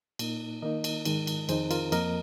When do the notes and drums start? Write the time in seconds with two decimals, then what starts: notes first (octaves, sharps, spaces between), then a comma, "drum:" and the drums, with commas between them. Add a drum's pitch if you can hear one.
0.19 A#2 A#3 D#4, drum: cymbal
0.62 D#3 A#3 D#4 A#4 D#5
0.84 drum: cymbal
1.05 G#2 D#3 G#3, drum: cymbal
1.27 drum: cymbal
1.49 F2 D#3 C4 D#4 G#4 C5, drum: cymbal
1.71 F4 A#4, drum: cymbal
1.92 F2 F3 A#3 A#4 D#5, drum: cymbal